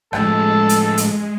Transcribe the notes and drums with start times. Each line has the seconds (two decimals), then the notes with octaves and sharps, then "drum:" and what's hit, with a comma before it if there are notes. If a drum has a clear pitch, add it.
0.13 A2 F3 G#3 A4, drum: rim click
0.69 drum: hi-hat
0.97 drum: hi-hat